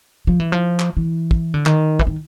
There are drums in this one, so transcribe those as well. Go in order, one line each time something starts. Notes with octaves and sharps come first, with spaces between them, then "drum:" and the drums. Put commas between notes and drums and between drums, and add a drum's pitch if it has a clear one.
F3
E3
F3
drum: clap
E3
drum: kick
D3
D#3, drum: clap
E3, drum: kick
D#3